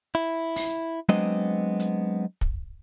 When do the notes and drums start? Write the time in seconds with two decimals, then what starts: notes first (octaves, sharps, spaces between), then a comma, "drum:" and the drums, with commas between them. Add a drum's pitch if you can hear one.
0.15 E4
0.56 drum: open hi-hat
1.09 F#3 G#3 B3 C4 D4 D#5
1.80 drum: hi-hat
2.41 drum: kick